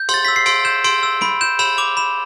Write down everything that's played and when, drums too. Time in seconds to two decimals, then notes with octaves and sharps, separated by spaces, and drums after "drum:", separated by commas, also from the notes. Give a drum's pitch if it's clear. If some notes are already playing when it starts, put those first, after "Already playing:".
Already playing: G6
0.09 C6, drum: cymbal
0.14 A6
0.25 E6 B6
0.36 C7
0.46 C6 D7, drum: cymbal
0.65 G6 E7
0.84 C6 D7, drum: cymbal
1.03 E6
1.21 B5 D7, drum: snare
1.41 G6 E7
1.59 B5 E7, drum: cymbal
1.78 D6 F7
1.97 B5 E7